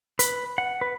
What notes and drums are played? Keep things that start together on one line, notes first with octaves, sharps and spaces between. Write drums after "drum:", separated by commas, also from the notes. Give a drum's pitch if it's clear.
B4, drum: hi-hat
F#5
B4